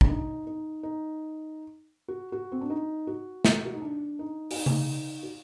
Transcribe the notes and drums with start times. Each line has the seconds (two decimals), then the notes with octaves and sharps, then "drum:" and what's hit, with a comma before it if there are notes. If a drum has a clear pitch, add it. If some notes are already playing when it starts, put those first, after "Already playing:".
0.01 D4, drum: kick A#1
0.09 D#4
0.47 D#4
0.83 D#4
2.08 F#4
2.32 F#4
2.52 C4
2.61 D4
2.70 D#4
3.07 F#4
3.45 drum: snare
3.65 F#4
3.74 D#4
3.82 D4
4.19 D#4
4.51 F#4, drum: open hi-hat
4.56 D#4
4.66 drum: tom C#3
5.23 F#4